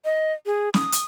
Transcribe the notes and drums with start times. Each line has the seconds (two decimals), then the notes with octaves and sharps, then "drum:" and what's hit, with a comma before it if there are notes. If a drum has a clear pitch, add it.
0.05 D#5
0.46 G#4
0.74 D#6, drum: snare
0.92 drum: hi-hat